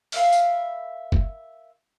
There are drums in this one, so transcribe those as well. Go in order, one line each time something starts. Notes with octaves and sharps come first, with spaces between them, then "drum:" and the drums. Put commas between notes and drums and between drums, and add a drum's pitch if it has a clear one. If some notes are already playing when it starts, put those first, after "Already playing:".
A#4 E5 F5 B5, drum: open hi-hat
drum: tambourine
drum: kick